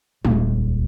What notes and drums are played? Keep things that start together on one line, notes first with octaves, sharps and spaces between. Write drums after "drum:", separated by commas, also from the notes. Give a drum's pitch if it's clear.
D#1 C#2, drum: tom G#3